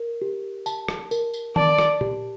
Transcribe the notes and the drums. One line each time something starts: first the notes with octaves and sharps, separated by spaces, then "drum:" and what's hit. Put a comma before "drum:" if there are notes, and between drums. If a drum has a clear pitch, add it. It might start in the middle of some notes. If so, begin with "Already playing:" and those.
Already playing: A#4
G4
A5, drum: tambourine
drum: rim click
A#4, drum: tambourine
drum: tambourine
D5 A5, drum: tom D#3
drum: rim click
G4, drum: tom A#2